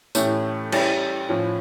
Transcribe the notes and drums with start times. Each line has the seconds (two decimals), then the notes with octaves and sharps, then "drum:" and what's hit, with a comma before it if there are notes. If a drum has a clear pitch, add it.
0.15 A2 E3 A3 C#4 G4, drum: tambourine
0.72 G3 C#4 E4 G4, drum: cymbal
1.29 A2 F3 C#4